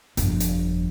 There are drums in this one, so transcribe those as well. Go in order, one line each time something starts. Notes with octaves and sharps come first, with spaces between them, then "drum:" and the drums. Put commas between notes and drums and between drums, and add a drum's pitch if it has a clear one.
G1 F2, drum: hi-hat
drum: hi-hat